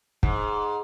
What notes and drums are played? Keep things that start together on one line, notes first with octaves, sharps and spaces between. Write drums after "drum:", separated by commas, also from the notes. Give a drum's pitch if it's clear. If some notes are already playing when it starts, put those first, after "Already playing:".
G#2, drum: kick